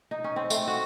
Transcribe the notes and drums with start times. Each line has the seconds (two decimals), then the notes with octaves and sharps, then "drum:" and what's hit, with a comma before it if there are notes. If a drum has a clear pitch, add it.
0.11 D#4
0.24 C#4
0.36 C4
0.50 A3, drum: tambourine
0.68 F#4